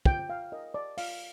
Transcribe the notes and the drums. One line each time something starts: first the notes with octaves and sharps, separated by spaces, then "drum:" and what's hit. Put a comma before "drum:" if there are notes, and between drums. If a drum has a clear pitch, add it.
F4 G5, drum: kick
F5
A#4 D#5
D5
F4 F5, drum: open hi-hat